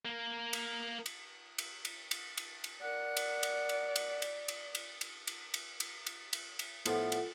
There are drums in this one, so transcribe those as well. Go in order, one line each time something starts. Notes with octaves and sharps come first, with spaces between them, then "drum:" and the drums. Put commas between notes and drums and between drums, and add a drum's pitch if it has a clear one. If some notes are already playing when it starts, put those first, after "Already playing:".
A#3
drum: cymbal
drum: cymbal
drum: cymbal
drum: cymbal
drum: cymbal
drum: cymbal
drum: cymbal
A#4 D5 F#5 F#6
drum: cymbal
drum: cymbal
drum: cymbal
drum: cymbal
drum: cymbal
drum: cymbal
drum: cymbal
drum: cymbal
drum: cymbal
drum: cymbal
drum: cymbal
drum: cymbal
drum: cymbal
drum: cymbal
A2 F3 B3 F4 A4 F#5, drum: cymbal
drum: cymbal